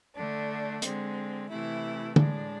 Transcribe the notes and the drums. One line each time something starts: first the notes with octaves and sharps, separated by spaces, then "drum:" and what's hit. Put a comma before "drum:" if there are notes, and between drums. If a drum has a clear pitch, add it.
D3 A3 D4
D3 G#3 C4, drum: hi-hat
C3 E3 A3 E4
A2 G#3 D4, drum: tom